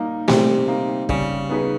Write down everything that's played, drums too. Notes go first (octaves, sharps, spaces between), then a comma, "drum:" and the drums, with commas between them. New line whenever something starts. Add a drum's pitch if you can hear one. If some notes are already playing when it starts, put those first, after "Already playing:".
Already playing: G3 A#3 D#4
C3 G3, drum: snare A3
A#3 D#4
C#3 G3, drum: kick
B3 D#4 G#4 B4